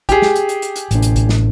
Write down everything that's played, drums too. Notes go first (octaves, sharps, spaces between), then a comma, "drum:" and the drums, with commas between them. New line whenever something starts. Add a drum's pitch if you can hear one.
G4 G#4, drum: kick, hi-hat
drum: snare
drum: hi-hat
drum: hi-hat
drum: hi-hat
drum: hi-hat
A1 D4, drum: hi-hat
drum: hi-hat
drum: kick, hi-hat
drum: snare